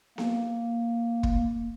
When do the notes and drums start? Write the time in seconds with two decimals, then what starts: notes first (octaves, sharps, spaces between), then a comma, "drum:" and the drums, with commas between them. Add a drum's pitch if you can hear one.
0.18 A#3, drum: snare B3
1.23 drum: kick